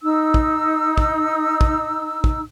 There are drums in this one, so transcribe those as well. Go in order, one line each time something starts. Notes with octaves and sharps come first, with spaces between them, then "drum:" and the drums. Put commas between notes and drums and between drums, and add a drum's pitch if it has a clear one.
D#4 E6
drum: kick
drum: kick
drum: kick
drum: kick